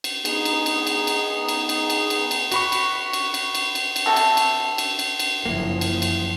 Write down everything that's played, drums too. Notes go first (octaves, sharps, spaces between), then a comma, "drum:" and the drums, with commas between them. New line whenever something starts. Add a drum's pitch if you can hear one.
drum: cymbal
B3 D#4 G#4, drum: cymbal
drum: cymbal
drum: cymbal
drum: cymbal
drum: cymbal
drum: cymbal
drum: cymbal
drum: cymbal
drum: cymbal
drum: cymbal
F#4 B5 C#6, drum: cymbal
drum: cymbal
drum: cymbal
drum: cymbal
drum: cymbal
drum: cymbal
drum: cymbal
C3 F#4 A4
drum: cymbal
drum: cymbal
drum: cymbal
drum: cymbal
drum: cymbal
F#1 E3 F3 A#3
drum: cymbal
drum: cymbal